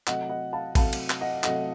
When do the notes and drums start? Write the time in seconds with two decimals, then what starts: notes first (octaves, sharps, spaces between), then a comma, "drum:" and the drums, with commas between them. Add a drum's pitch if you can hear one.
0.07 C3 F#3 A3 D#5 F#5, drum: clap
0.29 D#5 F#5
0.53 F5 A5
0.75 C3 F#3 A3 F5 A5, drum: kick, cymbal
0.93 drum: cymbal
1.10 drum: clap
1.21 D#5 F#5
1.44 C3 F#3 A3 D#5 F#5, drum: clap